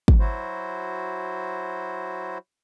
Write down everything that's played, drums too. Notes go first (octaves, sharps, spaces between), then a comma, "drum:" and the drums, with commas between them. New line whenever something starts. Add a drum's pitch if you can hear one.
drum: kick
F#3 E4 F#4 C5